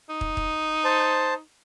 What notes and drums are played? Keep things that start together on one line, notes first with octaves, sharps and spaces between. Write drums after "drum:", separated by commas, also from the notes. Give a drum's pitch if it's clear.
D#4
drum: kick
drum: kick
C5 A5